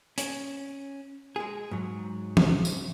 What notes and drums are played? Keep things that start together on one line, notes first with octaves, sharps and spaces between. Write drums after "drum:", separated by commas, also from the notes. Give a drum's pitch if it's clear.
C#4, drum: hi-hat
G#3 G#4
G#2 F#3
drum: tom
drum: tambourine